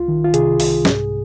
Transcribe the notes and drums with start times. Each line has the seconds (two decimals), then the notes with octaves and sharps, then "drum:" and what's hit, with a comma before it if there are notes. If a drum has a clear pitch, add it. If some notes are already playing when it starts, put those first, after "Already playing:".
Already playing: C2 F4
0.08 D#3
0.24 F4
0.34 C3 G#4, drum: hi-hat
0.60 C2, drum: open hi-hat
0.85 G#2, drum: snare